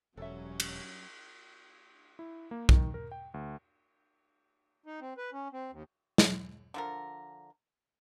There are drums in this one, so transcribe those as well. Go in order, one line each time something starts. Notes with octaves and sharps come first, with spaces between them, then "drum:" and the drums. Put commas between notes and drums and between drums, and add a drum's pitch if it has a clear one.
E1 F#2 F#3 G3 C#4 A4 E5
drum: cymbal
E4
A#3
D#3, drum: kick
A#4
G5
D2
D#4
C4
B4
C#4
C4
D#2
drum: snare
D3 F3 A#4